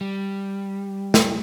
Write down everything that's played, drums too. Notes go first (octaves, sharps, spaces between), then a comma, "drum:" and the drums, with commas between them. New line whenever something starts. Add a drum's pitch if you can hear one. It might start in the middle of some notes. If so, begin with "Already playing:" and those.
G3
drum: snare